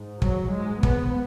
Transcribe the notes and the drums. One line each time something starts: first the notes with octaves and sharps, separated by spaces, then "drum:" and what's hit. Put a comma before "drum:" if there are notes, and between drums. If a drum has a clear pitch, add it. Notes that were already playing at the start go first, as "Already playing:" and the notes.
Already playing: G#2
F#3, drum: kick
G#2 G#3
B3, drum: kick